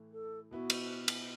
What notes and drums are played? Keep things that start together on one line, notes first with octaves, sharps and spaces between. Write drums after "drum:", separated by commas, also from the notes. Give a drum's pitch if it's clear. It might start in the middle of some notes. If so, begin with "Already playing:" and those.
Already playing: A2 E3 A3
A4
B2 B3 E4 F#4
drum: cymbal
drum: cymbal